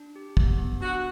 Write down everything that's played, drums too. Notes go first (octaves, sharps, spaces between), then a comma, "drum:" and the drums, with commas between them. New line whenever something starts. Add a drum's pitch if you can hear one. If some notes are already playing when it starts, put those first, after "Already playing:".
Already playing: D4
G4
B3, drum: kick
B3
D4 F#4